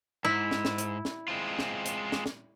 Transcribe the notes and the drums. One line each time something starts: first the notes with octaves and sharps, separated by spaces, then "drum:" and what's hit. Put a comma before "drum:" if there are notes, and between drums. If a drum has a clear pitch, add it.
G#2 E4
drum: snare
drum: snare
drum: hi-hat
drum: snare
G#3 C4 F4
drum: snare
drum: hi-hat
drum: snare
drum: snare